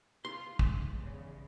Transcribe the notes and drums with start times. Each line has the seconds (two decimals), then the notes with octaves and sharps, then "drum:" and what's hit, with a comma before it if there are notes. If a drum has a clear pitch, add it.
0.25 F4 C6
0.59 G#2 F3 G#3, drum: kick
0.93 E2 G2 C#3